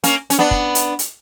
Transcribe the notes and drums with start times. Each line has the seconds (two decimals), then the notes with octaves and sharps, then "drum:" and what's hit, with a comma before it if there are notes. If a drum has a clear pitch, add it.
0.04 A#3 C#4, drum: hi-hat
0.30 C#4, drum: hi-hat
0.39 B3 D4
0.51 drum: kick
0.75 drum: hi-hat
0.99 drum: hi-hat